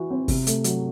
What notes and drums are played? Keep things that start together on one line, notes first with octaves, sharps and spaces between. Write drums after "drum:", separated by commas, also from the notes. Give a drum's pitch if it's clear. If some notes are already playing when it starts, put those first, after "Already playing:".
Already playing: E3 F#4
C4
C3, drum: kick, open hi-hat
A3, drum: hi-hat
F#3, drum: hi-hat